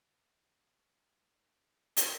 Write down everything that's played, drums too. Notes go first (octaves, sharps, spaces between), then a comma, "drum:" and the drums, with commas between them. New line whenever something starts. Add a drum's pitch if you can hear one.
C3 B4 E5 G5 B5
C#3 A4 D5 F#5 B5
C#3 C#4 F4 A#4 D5
C3 A4 D5 F5
C#3 A4 D5 F#5
G4 B4 E5 A5
drum: hi-hat